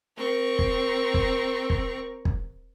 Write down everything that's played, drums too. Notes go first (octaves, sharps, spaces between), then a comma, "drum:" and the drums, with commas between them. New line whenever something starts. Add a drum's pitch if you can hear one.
C4 A#4 C#6
drum: kick
drum: kick
drum: kick
drum: kick